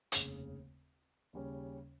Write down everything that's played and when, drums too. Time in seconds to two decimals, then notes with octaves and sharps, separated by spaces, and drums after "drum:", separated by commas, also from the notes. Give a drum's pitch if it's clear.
0.12 F1 D#2 C#3, drum: hi-hat
1.33 D#2 C#3 G3 C#4